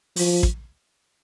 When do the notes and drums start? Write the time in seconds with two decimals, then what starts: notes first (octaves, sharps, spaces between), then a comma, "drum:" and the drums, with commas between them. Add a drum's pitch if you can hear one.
0.16 F3, drum: open hi-hat
0.43 drum: kick